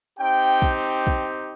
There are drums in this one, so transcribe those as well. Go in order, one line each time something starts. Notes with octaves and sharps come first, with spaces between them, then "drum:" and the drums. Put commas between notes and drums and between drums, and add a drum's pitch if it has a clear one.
C4 D#4 G4 G5
drum: kick
drum: kick